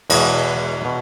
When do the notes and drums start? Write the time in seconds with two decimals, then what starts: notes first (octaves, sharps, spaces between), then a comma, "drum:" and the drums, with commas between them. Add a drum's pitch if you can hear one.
0.10 E2 B2 G#3, drum: cymbal
0.85 B2